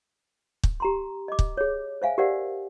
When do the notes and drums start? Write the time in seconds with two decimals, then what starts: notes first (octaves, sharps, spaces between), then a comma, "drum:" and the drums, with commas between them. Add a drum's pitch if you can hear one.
0.63 drum: kick
0.80 G4 A#5 C6
1.28 D#5 D6
1.39 drum: kick
1.57 G#4 C#5
2.02 C5 E5 F5 G#5
2.18 G4 A#4 C5 D5 F5 F#5